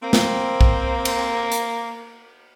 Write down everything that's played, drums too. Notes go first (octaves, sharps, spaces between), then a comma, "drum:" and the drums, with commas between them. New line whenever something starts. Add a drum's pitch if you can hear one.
A#3 C4
drum: snare
drum: kick
drum: cymbal
drum: hi-hat